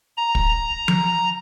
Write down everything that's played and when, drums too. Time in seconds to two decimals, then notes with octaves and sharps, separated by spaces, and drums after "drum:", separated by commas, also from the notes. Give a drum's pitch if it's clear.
0.17 A#5
0.35 drum: kick
0.88 drum: tom F3